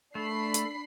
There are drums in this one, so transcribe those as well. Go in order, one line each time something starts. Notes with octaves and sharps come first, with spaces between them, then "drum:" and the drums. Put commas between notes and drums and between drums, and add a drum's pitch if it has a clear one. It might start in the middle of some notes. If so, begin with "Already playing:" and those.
A3 D4 B5 C7
drum: hi-hat